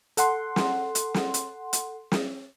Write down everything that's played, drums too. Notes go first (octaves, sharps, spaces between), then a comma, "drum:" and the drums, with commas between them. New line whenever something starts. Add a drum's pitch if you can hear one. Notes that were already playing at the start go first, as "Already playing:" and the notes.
A4 F#5 C6, drum: hi-hat
drum: snare
drum: hi-hat
drum: snare
drum: hi-hat
drum: hi-hat
drum: snare